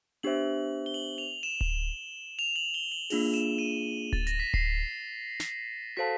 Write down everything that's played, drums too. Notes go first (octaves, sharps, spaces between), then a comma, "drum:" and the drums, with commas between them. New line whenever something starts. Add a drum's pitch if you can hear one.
B3 D4 G4 C5 E5 F#7
G7
F#7
F7
E7
drum: kick D1
F7
F#7
G7
F#7
A#3 D4 F4 G#4 F7, drum: open hi-hat
E7
D#7
A6, drum: kick D1
A#6, drum: hi-hat
B6
C7, drum: kick D1
drum: snare
F#4 A4 C5 F5 A5 B6